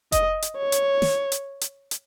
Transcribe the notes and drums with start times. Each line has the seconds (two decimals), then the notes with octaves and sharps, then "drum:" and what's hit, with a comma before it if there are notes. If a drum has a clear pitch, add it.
0.12 D#5, drum: kick F1, hi-hat
0.42 drum: hi-hat
0.58 C#5
0.72 drum: hi-hat
1.02 drum: snare
1.32 drum: hi-hat
1.61 drum: hi-hat
1.91 drum: hi-hat